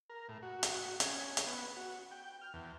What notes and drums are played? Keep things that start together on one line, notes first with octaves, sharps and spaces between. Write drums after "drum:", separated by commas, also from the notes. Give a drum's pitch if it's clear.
A#4
A2
F#4
drum: hi-hat
C#4, drum: hi-hat
drum: hi-hat
B3
F#4
G5
F6
E2